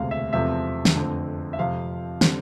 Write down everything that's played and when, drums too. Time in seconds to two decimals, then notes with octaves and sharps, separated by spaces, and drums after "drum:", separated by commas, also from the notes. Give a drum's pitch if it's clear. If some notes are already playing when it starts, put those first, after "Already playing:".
Already playing: E1 D2 C3 F5
0.11 E5
0.33 E2 C3 F3 A3 C4 E5
0.85 drum: snare
0.95 F2 D3 A3 C4
1.53 E5
1.59 F2 C3 F3 F5
2.21 D3 G3 C4, drum: snare